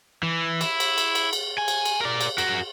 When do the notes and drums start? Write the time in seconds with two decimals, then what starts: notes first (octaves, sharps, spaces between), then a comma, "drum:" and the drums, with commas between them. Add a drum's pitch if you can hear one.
0.23 E3
0.61 E4, drum: cymbal
0.80 drum: cymbal
0.98 drum: cymbal
1.15 drum: cymbal
1.33 drum: cymbal
1.58 G#5
1.68 drum: cymbal
1.85 drum: cymbal
2.00 A#4 D5
2.21 drum: cymbal
2.38 F#4 A#4, drum: cymbal